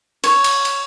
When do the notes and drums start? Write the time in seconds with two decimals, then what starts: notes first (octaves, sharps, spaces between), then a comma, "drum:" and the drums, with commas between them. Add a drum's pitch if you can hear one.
0.24 C#5, drum: cymbal
0.44 drum: cymbal
0.65 drum: cymbal